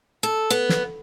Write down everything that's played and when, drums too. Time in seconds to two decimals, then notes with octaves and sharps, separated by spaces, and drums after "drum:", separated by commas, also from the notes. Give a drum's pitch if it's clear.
0.23 A4
0.50 B3
0.69 drum: snare